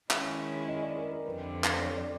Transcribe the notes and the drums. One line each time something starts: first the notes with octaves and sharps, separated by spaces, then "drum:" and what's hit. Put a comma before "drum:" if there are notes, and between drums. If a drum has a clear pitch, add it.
D#3 G#3 C#4 E4, drum: clap
D#5
D5
A#4
A#4
F2 D3 G3 B4
drum: clap
C5
C#5
D5